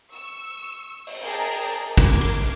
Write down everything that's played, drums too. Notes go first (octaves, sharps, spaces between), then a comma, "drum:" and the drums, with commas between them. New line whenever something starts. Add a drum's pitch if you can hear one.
C#6 E6
drum: open hi-hat
G#4 A#4 D5 G5 A5 A#5
A#4 D6 G#6, drum: kick
drum: cymbal